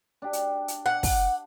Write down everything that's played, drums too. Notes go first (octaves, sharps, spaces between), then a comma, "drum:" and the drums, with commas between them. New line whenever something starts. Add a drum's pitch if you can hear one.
D4 G4
drum: hi-hat
drum: hi-hat
F#5
drum: kick, open hi-hat